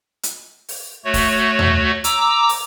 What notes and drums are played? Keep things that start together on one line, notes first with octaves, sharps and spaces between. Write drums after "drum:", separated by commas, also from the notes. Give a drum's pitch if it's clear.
drum: hi-hat
drum: open hi-hat
A3 F#4 C#5
drum: kick, open hi-hat
drum: tom D#2
A#5 D6 E6, drum: hi-hat
drum: open hi-hat